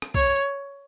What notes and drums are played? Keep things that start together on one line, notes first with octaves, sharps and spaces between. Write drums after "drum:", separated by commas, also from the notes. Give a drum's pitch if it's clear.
drum: rim click
C#5, drum: kick B1